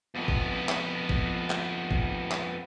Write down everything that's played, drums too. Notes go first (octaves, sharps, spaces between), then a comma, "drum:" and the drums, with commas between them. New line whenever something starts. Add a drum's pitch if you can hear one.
F2 B3
drum: kick G#1
drum: clap
drum: kick G#1
drum: clap
drum: kick G#1
drum: clap